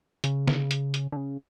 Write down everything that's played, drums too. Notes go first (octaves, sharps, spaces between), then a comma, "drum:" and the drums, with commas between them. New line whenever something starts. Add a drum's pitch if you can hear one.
C#3, drum: hi-hat
drum: snare
drum: hi-hat
drum: hi-hat
D3
C#3